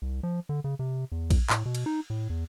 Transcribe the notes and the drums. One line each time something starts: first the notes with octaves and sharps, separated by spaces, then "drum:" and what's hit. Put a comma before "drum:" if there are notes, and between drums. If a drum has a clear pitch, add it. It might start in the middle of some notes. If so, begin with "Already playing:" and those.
C2
F3
D3
C#3
C3
E2
drum: kick A#1, cymbal
A2, drum: clap
B2
drum: cymbal
D#4
A2
E2